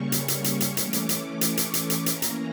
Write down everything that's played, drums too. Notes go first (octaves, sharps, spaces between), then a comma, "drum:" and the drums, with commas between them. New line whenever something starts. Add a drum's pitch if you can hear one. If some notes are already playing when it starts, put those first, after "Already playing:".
Already playing: C#3 G3 A#3 C#4 C#6
drum: hi-hat
drum: hi-hat
drum: hi-hat
drum: hi-hat
E3 A3 C#4 D6, drum: hi-hat
drum: hi-hat
D6, drum: hi-hat
C#6, drum: hi-hat
drum: hi-hat
drum: hi-hat
drum: hi-hat
E3 A#3 C#4 A#5, drum: hi-hat
drum: hi-hat